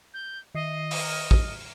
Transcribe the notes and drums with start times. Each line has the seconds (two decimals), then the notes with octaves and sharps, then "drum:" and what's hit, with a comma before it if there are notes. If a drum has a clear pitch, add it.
0.14 G6
0.55 D#3 D#5 C7
0.91 drum: open hi-hat
1.03 F6
1.31 drum: kick